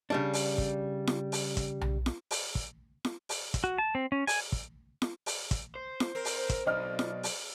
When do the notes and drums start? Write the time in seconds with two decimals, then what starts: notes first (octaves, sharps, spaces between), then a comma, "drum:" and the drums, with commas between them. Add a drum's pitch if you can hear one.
0.10 C#3 G3 D4
0.34 drum: open hi-hat
0.58 drum: kick
1.07 drum: snare
1.32 drum: open hi-hat
1.57 drum: kick, hi-hat
1.81 drum: tom B1
2.06 drum: snare
2.31 drum: open hi-hat
2.55 drum: kick
3.05 drum: snare
3.29 drum: open hi-hat
3.54 drum: kick, hi-hat
3.64 F#4
3.78 A5
3.95 C4
4.12 C#4
4.27 G#5, drum: open hi-hat
4.52 drum: kick
5.02 drum: snare
5.26 drum: open hi-hat
5.51 drum: kick, hi-hat
5.75 C5
6.00 drum: snare
6.15 C4 A#4
6.25 drum: open hi-hat
6.49 drum: kick, hi-hat
6.67 B1 D5 D#5 F6
6.99 drum: snare
7.23 drum: open hi-hat